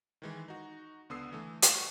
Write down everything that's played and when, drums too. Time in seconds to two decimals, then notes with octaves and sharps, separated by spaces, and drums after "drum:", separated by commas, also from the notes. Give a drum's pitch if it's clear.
0.22 D#3 E3 G#3
0.48 D#4 F#4
1.09 C#2 D3 B3 D#6 E6 C7
1.32 E3 A3
1.62 C#6, drum: hi-hat